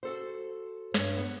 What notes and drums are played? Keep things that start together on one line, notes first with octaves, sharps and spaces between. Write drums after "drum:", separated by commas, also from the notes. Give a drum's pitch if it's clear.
F#4 A4 C5
G2 C#5, drum: snare
B3